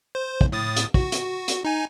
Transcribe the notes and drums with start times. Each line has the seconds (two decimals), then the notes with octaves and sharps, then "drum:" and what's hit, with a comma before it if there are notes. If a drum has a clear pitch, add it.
0.15 C5
0.41 drum: kick
0.52 A2 D#6 A6
0.76 drum: hi-hat
0.94 F#4, drum: kick
1.12 drum: hi-hat
1.48 drum: hi-hat
1.65 D#4 G#5